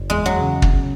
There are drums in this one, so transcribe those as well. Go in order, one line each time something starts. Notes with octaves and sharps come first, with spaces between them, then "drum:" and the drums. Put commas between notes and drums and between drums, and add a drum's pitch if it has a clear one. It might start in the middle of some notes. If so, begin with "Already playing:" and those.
Already playing: F#1
E2 G#3
F#3
C#3
drum: kick
C#3